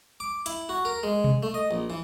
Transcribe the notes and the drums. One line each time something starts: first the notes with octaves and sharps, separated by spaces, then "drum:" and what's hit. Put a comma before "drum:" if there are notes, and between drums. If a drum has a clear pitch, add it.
D6
E4, drum: hi-hat
F#4
A#4
G#3
drum: tom B2
A3
D#5
A#1
E3